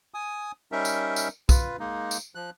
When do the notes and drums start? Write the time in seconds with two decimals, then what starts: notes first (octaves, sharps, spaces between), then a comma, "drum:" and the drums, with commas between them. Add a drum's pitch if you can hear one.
0.14 G#5 D#6
0.72 G3 C#4 D#4 A#4 E5
0.85 drum: tambourine
1.16 drum: tambourine
1.49 F4 B4, drum: kick B1, tambourine
1.79 G#3 A#3 D#4
2.11 drum: tambourine
2.35 F3 F#6